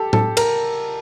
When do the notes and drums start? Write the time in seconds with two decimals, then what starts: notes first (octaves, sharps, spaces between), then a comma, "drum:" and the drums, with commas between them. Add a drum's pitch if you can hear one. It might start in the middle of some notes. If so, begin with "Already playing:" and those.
Already playing: G4 A4
0.13 A4, drum: tom A2
0.37 A#4, drum: cymbal